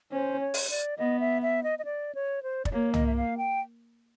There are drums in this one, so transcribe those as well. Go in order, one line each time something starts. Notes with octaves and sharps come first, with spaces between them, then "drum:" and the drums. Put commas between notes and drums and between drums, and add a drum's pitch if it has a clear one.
C#4 C5
C#5
drum: open hi-hat
D5
B3 D#5
E5
E5
D#5
D#5
D5
C#5
C5
D5, drum: kick
A#3 C#5
D#5, drum: tom
E5
F5
G5